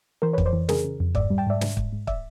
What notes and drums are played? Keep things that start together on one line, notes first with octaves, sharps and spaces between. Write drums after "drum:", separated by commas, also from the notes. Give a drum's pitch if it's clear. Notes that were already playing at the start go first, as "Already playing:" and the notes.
E3 A#4 C5
B4 C#5
F2, drum: kick
C5 D5
E3
C#3 G#4 A#4, drum: snare
C#3
F2
G#2 D5 E5, drum: kick
G3
G5 A5
G#2 D5 E5
G#2, drum: snare
G#2, drum: kick
G#2
D5 E5, drum: kick